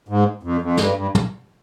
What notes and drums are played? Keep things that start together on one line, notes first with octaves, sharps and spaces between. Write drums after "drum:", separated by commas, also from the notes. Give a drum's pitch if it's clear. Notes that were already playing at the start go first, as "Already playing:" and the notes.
G#2
F2
F2
G2, drum: snare
G2
drum: tom